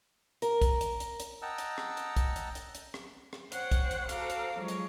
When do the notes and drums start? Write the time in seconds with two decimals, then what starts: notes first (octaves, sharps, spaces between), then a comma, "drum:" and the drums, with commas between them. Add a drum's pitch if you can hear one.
0.42 A#4, drum: hi-hat
0.62 drum: kick, hi-hat
0.81 drum: hi-hat
1.00 drum: hi-hat
1.20 drum: hi-hat
1.42 D#5 F#5 G5 A5 A#5 E6
1.58 drum: hi-hat
1.78 drum: rim click
1.97 drum: hi-hat
2.17 drum: kick, hi-hat
2.36 drum: hi-hat
2.55 drum: hi-hat
2.75 drum: hi-hat
2.94 drum: rim click
3.33 drum: rim click
3.52 C5 C#5 F#5 G5, drum: hi-hat
3.72 drum: kick, hi-hat
3.91 drum: hi-hat
4.09 F#4 A4 C5 F5 A#5 D6, drum: hi-hat
4.30 drum: hi-hat
4.57 F3 F#3 G#3 C#5
4.68 drum: hi-hat